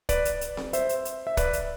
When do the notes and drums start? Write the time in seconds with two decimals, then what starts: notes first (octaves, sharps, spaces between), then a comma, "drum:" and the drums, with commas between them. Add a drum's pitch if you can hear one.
0.09 B4 D5, drum: kick, hi-hat
0.25 drum: hi-hat
0.41 drum: hi-hat
0.57 drum: snare C4
0.73 C5 E5, drum: hi-hat
0.89 drum: hi-hat
1.05 drum: hi-hat
1.27 E5
1.37 B4 D5, drum: kick, hi-hat
1.53 drum: hi-hat